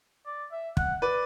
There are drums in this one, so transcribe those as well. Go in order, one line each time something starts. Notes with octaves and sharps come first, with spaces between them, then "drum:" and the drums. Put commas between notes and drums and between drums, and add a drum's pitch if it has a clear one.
D5
E5
F#5, drum: kick
B4 D5